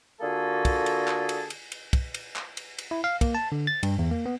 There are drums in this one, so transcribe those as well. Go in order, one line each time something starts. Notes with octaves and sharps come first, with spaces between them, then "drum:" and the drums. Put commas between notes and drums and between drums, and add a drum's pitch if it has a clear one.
D3 A#3 F4 F#4 G#4 A4
drum: kick, cymbal
drum: cymbal
drum: clap
drum: cymbal
drum: cymbal
drum: cymbal
drum: kick, cymbal
drum: cymbal
drum: clap
drum: cymbal
drum: cymbal
E4
F5
A#3, drum: kick, cymbal
A5
D3
A6
G2, drum: cymbal
E2
A#3
B3